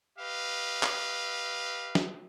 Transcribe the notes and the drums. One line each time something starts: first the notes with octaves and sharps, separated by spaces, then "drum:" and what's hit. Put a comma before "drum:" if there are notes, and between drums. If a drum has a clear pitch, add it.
G4 B4 D#5 F5
drum: clap
drum: snare